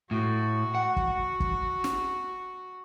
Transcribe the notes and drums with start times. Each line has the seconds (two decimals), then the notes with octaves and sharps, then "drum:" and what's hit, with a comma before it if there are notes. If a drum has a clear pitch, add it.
0.11 A2 F#4
0.75 F#5
0.96 drum: kick
1.40 drum: kick
1.84 drum: snare